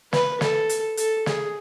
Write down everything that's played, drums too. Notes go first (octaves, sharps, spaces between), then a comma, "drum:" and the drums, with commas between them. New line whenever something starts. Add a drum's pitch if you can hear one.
B4, drum: snare
A4, drum: snare
drum: hi-hat
A4, drum: hi-hat
G#4, drum: snare